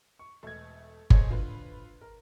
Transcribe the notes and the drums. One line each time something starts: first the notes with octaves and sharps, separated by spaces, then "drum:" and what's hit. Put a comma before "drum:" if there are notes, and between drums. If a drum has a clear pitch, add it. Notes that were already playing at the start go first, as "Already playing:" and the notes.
C#6
E1 A3 G#6
G#4 A4 C5 C#5 D#5, drum: kick G1
D3 F4 B4
A#4